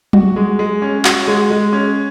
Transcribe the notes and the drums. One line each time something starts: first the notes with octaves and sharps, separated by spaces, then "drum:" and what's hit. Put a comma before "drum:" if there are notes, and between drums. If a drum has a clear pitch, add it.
F#4, drum: tom F#3
G#3
G#3
C#4
F#4, drum: clap
G#3
G#3
C#4